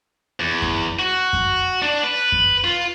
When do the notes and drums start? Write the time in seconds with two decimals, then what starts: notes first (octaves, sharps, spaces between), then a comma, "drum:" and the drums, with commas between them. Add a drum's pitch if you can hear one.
0.40 E2
0.62 drum: kick F#2
0.99 F#4
1.33 drum: kick F#2
1.82 D4
2.04 B4
2.32 drum: kick F#2
2.64 F4